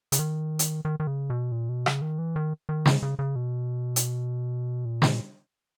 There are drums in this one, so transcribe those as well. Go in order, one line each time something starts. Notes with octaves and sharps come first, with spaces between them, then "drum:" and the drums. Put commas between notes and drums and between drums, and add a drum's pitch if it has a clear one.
C#3, drum: hi-hat
D#3
drum: hi-hat
D#3
D#3
C#3
B2
A#2
B2
C#3, drum: rim click
D#3
E3
D#3
D#3
C#3, drum: snare
C#3
C#3
B2
drum: hi-hat
A#2
drum: snare